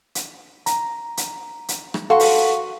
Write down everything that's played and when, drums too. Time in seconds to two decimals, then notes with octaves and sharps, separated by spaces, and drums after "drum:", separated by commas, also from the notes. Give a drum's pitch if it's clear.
0.15 drum: hi-hat
0.66 A#5, drum: hi-hat
1.17 drum: hi-hat
1.69 drum: hi-hat
1.94 drum: rim click
2.10 F#4 A4 F5 C6 C#6
2.20 drum: open hi-hat